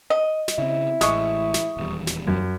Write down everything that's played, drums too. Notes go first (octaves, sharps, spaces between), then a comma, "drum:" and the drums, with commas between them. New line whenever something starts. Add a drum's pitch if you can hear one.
D#5
drum: snare
C#3 C4 E4
A1 A2 G#3 C#6 D#6, drum: snare
drum: snare
D#1 E2 G3
drum: snare
F#2